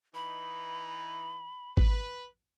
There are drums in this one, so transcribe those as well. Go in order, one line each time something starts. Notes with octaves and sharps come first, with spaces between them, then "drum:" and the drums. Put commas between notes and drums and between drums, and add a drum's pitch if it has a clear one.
E3 D#4 B5
B4, drum: kick G#1